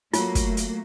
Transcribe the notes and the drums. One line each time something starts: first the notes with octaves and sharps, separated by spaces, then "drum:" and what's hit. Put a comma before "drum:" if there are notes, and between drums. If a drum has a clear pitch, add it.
F#3 A3 A#3 F4, drum: hi-hat
drum: kick, hi-hat
drum: hi-hat